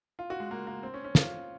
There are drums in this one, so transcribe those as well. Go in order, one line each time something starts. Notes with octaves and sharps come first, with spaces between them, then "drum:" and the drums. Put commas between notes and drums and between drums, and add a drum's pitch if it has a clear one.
F4
F#4
G#3
A#3
A#3
C4
C#4
C#4
F4, drum: snare